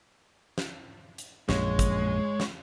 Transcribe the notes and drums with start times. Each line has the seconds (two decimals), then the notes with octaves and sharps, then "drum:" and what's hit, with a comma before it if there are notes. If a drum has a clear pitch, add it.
0.58 drum: snare
1.18 drum: hi-hat
1.49 A#1 F#2 G#3 C#5, drum: snare
1.79 drum: kick, hi-hat
2.40 drum: snare